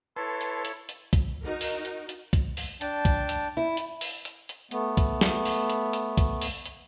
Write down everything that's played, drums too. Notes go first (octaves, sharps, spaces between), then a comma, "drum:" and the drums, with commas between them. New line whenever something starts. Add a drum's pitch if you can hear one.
E4 A4 B4 C#5 A5 C6
drum: hi-hat
drum: hi-hat
drum: hi-hat
drum: kick, hi-hat
D#4 F#4 A#4
drum: open hi-hat
drum: hi-hat
drum: hi-hat
drum: kick, hi-hat
drum: open hi-hat
D4 G5 A5, drum: hi-hat
drum: kick, hi-hat
drum: hi-hat
E4
drum: hi-hat
drum: open hi-hat
drum: hi-hat
drum: hi-hat
A3 B3, drum: hi-hat
drum: kick, hi-hat
drum: snare
drum: open hi-hat
drum: hi-hat
drum: hi-hat
drum: kick, hi-hat
drum: open hi-hat
drum: hi-hat